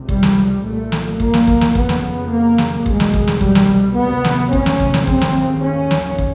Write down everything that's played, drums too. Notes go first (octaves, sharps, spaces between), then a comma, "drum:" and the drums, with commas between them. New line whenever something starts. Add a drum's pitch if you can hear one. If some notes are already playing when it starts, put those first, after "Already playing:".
Already playing: C#2 C3
G3, drum: kick
drum: snare
C2 A#2 A3
drum: snare
A#3, drum: kick
drum: snare
drum: kick
drum: snare
F2 C#3 B3, drum: kick
drum: snare
A#3
drum: snare
C2 B2 G#3, drum: kick
drum: snare
drum: kick
drum: snare
G3, drum: kick
drum: snare
D2 C3 B3
drum: snare
C#4, drum: kick
drum: snare
drum: kick
drum: snare
D#2 C#3 C4, drum: kick
drum: snare
C#4
drum: snare
drum: kick